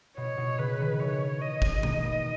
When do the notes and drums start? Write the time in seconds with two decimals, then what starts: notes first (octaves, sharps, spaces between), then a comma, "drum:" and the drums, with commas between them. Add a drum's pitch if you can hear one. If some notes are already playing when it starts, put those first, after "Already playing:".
0.17 B2 C#5
0.37 B2
0.58 C#3 B4
0.80 D#3
1.00 E3 C#5
1.41 D#5
1.62 drum: kick
1.83 D#3, drum: tom B2
2.04 B2